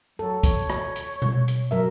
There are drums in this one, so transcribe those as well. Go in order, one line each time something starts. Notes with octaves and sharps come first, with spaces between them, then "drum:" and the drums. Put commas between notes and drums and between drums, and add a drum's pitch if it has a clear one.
F#3 A4
C#5, drum: kick, hi-hat
drum: rim click
drum: hi-hat
drum: tom B2
drum: hi-hat
F#3 A#4 E5